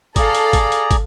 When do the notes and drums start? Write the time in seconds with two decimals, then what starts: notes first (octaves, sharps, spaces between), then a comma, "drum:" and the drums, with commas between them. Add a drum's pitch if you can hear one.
0.16 G#4 A4 D5 F5 A#5, drum: kick, hi-hat
0.35 drum: hi-hat
0.53 drum: kick, hi-hat
0.72 drum: hi-hat
0.91 drum: kick, hi-hat